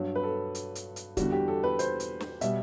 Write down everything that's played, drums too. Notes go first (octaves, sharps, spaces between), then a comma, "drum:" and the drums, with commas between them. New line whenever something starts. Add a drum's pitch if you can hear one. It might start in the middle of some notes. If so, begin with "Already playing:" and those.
Already playing: G2 F#3
B4
A4
drum: hi-hat
drum: hi-hat
drum: hi-hat
E2 D3 G3 F#4, drum: kick, hi-hat
G4
A4
B4
C5, drum: hi-hat
drum: hi-hat
drum: snare
B2 G3 E5, drum: hi-hat